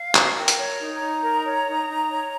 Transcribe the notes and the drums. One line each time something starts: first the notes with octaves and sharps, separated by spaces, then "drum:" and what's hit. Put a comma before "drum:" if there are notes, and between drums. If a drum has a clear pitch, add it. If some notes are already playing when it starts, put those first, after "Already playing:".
Already playing: F5
C#4, drum: clap
A#4 G5
drum: hi-hat
C#5
D#4
A#5
D#4
A#4
C#5
D#4
D#4
C#5